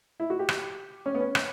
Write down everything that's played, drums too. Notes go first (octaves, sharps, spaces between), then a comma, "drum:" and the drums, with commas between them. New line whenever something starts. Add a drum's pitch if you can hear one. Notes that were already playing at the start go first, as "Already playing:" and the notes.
E4
F#4
G4
drum: rim click
C#4
B3
C#4
drum: rim click